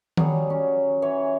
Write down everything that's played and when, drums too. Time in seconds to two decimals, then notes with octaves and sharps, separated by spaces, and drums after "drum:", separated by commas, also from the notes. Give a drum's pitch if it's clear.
0.17 F#3 G3 G#4, drum: tom D#3
0.50 C#4
1.02 E3 C#5